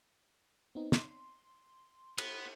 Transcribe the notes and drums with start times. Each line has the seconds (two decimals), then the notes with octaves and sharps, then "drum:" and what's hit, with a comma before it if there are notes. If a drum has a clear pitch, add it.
0.75 B3 C4 D#4
0.92 C6, drum: snare
2.18 B3, drum: cymbal